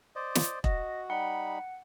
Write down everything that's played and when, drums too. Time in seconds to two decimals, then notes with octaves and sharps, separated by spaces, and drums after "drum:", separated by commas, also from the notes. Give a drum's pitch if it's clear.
0.16 C5 D5 D#5
0.35 drum: snare
0.64 F#4 D#5, drum: kick E1
1.10 G3 D#4 F#5 B5